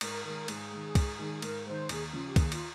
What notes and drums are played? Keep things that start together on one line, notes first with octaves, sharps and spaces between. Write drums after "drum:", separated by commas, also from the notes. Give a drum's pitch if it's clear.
G#2 A#4, drum: cymbal
D#3 G#3 A#4
G#2 G#4, drum: cymbal
D#3 G#3
G#2, drum: kick, cymbal
D#3 G#3
G#2 A#4, drum: cymbal
D#3 G#3 C5
D#2 G#4, drum: cymbal
C#3 F3 F4
G4
D#2 G#4, drum: kick, cymbal
F4, drum: cymbal